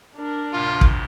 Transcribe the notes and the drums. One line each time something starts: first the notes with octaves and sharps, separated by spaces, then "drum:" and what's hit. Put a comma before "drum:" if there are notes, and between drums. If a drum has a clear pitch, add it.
D4 A#4
D2 A2 C3 F4
drum: kick